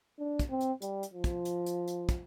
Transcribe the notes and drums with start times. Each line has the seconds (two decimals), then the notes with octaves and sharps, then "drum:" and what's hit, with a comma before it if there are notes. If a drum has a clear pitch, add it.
0.19 D4
0.39 drum: kick, hi-hat
0.50 C4
0.61 drum: hi-hat
0.82 G3, drum: hi-hat
1.03 drum: hi-hat
1.13 F3
1.24 drum: kick, hi-hat
1.45 drum: hi-hat
1.66 drum: hi-hat
1.88 drum: hi-hat
2.09 drum: kick, hi-hat